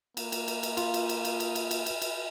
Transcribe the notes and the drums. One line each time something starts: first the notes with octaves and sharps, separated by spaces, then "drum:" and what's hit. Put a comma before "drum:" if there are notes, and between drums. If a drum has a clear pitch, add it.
A#3, drum: cymbal
drum: cymbal
drum: cymbal
drum: cymbal
F4, drum: cymbal
drum: cymbal
drum: cymbal
drum: cymbal
drum: cymbal
drum: cymbal
drum: cymbal
drum: cymbal
drum: cymbal